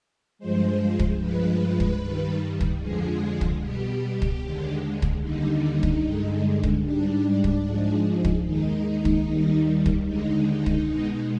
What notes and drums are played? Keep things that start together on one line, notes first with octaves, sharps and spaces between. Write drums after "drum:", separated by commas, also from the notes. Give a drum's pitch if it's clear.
G2 F3 G#3 C5
drum: kick
G2 F3 G#3 B4
drum: kick
G2 D#3 G3
drum: kick
F2 D3 F3 G#3 G#4
drum: kick
B2 G3 G4
drum: kick
D#2 D3 G#3
drum: kick
D#2 D3 G3 D#4
drum: kick
G2 D3 G#3
drum: kick
G#2 G3 D4
drum: kick
G#2 F3 G#3
drum: kick
D#2 D#3 G#3 D#4
drum: kick
D#2 D#3 G3
drum: kick
D#2 D3 G#3 D#4
drum: kick
B2 G#3